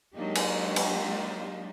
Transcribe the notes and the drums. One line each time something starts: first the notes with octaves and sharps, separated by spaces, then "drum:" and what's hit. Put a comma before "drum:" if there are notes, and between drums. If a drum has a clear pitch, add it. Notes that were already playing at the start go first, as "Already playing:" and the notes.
F#3 G#3 A#3 D4 D#4 G4
drum: cymbal
drum: cymbal